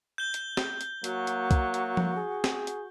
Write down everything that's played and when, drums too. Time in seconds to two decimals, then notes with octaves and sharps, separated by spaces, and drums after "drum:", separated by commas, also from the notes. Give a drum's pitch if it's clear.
0.18 G6 G7
0.34 drum: hi-hat
0.57 drum: snare
0.81 drum: hi-hat
1.04 F#3 A#3 F#4, drum: hi-hat
1.27 drum: hi-hat
1.51 drum: kick, hi-hat
1.74 drum: hi-hat
1.97 drum: tom F3
2.17 G#4
2.44 drum: snare
2.67 drum: hi-hat